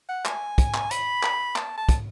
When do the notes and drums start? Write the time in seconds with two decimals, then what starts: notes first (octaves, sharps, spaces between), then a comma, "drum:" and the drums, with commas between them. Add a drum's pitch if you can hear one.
0.09 F#5
0.26 G#5, drum: clap
0.58 drum: kick, hi-hat
0.74 drum: clap
0.91 B5, drum: hi-hat
1.23 drum: clap
1.56 A5, drum: clap
1.78 A5
1.89 drum: kick, hi-hat